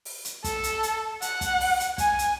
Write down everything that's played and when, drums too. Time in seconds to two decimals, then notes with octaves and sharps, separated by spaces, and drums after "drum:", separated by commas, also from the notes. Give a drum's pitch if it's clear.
0.05 drum: open hi-hat
0.25 drum: hi-hat
0.44 A4, drum: kick, hi-hat
0.63 drum: hi-hat
0.83 drum: hi-hat
1.22 F#5, drum: hi-hat
1.41 drum: kick, hi-hat
1.60 drum: open hi-hat
1.80 drum: hi-hat
1.98 G#5, drum: kick, hi-hat
2.19 drum: hi-hat